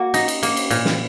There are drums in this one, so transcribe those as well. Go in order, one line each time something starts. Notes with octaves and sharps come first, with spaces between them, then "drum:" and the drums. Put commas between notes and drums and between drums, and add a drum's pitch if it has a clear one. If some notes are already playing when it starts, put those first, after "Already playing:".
Already playing: A#3 F#4
D#4, drum: cymbal
drum: cymbal
A#3, drum: cymbal
drum: cymbal
A#2, drum: cymbal
drum: snare